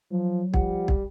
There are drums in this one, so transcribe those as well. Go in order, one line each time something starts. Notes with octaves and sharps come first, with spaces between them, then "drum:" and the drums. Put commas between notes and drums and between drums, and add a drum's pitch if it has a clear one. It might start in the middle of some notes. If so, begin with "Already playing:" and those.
F3 F#3
F3 G3 F#5, drum: kick
drum: kick